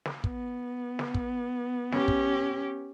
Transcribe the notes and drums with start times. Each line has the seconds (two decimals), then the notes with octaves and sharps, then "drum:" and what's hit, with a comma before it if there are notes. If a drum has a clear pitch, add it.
0.05 drum: snare
0.24 B3, drum: kick
0.99 drum: snare
1.14 drum: kick
1.92 C#4 G4, drum: snare
2.08 drum: kick